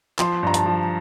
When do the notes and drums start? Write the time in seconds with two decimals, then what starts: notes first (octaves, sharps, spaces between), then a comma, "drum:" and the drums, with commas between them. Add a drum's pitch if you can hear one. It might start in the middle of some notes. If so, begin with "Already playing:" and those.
0.19 F3 C6, drum: clap
0.43 G2 A#5
0.54 A5, drum: hi-hat
0.66 F3